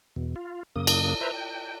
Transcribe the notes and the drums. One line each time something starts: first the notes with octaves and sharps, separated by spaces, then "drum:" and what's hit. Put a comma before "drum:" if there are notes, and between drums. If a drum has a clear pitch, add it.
E2 B2
F4
F#2 C#3 A#3 D#6
drum: cymbal
B4 C5 E5 A#5
G5